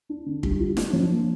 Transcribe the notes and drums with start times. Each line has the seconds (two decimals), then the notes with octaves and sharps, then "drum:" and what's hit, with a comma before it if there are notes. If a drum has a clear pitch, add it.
0.09 D4
0.26 D3
0.43 G3, drum: kick
0.60 F4
0.77 D4, drum: snare
0.93 F3
1.10 A#3